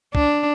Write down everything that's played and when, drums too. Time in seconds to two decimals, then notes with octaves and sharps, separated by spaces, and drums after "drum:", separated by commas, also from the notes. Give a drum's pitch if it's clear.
0.15 D4, drum: kick C2